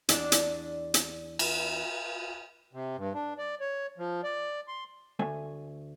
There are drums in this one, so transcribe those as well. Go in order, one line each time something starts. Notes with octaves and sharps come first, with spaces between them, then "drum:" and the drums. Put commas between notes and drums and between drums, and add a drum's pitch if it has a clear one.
E2 D4 D5, drum: hi-hat
drum: hi-hat
drum: hi-hat
drum: cymbal
C3
G2
D4
D5
C#5
F3
D5
C6
D2 A3 G#5